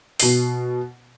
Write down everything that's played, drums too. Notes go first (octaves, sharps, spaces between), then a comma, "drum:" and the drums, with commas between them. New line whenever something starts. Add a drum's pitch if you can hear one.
B2 C7, drum: open hi-hat